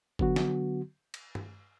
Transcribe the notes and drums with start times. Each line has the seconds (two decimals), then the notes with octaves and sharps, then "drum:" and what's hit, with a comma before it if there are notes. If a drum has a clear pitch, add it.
0.19 D3 F#3 B3 F#4, drum: kick G1
0.36 drum: snare
1.14 drum: cymbal
1.35 drum: tom